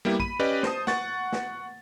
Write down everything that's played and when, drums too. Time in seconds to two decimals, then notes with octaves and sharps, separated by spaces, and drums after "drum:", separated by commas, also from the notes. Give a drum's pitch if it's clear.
0.05 G3 A#3 B3 E4 G4
0.20 B5 D#7, drum: kick
0.39 C#4 G4 B4 D5 D#5
0.63 C5 A5 D#6, drum: snare
0.87 F#5 C#6 A6, drum: snare
1.32 drum: snare